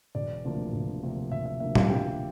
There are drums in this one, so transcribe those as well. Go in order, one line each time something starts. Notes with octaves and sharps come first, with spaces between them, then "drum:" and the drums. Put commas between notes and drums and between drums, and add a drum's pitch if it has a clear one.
E1 D5
D2 C3 F3 A#3
E1
D2 C3 F3 A#3
E1 E5
E5
D2 C3 F3 A#3 E5
F4 F5, drum: tom A#2
E1 G4 G5